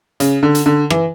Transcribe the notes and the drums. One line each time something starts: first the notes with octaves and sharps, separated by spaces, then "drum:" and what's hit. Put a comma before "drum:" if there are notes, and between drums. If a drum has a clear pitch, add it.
C#3, drum: hi-hat
D3
drum: hi-hat
D3
E3, drum: rim click